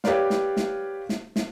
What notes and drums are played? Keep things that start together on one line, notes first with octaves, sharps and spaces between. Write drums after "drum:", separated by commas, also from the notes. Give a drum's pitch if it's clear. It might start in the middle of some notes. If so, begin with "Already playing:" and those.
G4 B4 C#5 D5 F5, drum: snare
drum: snare
drum: snare
drum: snare
drum: snare